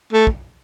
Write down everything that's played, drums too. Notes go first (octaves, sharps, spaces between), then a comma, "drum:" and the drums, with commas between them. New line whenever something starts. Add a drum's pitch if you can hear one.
A3
drum: kick